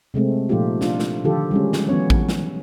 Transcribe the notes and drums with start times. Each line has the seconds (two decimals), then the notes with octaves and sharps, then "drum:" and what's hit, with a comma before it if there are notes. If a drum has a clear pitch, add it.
0.14 C3 G#3 A3 C4
0.49 A#2 F3 A3 D#4 F4 G4
0.81 D4 F4, drum: snare
0.99 drum: snare
1.24 D3 D#3 F3 F4 G4 A4
1.51 G3 G#3 C#4
1.73 drum: snare
1.89 E3 F#3 B3 C#4 C#5
2.10 drum: kick A1
2.29 drum: snare